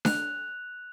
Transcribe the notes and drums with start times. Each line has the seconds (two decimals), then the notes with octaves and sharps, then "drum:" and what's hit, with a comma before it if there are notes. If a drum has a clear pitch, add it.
0.05 F#6 F7, drum: snare D4